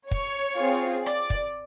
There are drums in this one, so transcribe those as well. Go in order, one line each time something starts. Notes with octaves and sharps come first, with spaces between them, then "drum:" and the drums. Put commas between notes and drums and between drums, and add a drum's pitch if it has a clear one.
C#5, drum: kick
C4 F4 G#4
D5, drum: rim click
drum: kick